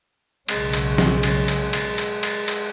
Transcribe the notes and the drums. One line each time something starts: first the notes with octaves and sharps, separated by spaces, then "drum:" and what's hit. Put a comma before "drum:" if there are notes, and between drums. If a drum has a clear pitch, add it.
B1 C#3 G#3 C#4, drum: cymbal
drum: cymbal
drum: snare
drum: cymbal
drum: cymbal
drum: cymbal
drum: cymbal
drum: cymbal
drum: cymbal